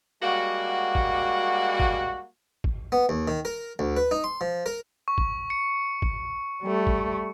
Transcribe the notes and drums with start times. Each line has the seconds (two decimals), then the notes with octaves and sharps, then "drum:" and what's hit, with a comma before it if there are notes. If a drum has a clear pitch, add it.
0.22 G3 G#3 A#3 F#4
0.95 drum: kick
1.80 drum: kick
2.64 drum: kick
2.92 B3
3.09 D#2
3.28 D#3
3.45 A#4
3.79 D2
3.97 B4
4.11 D#4
4.24 C6
4.41 F3
4.66 A#4
5.08 C#6
5.18 drum: kick
5.50 C#7
6.02 drum: kick
6.62 G3 A3
6.87 drum: kick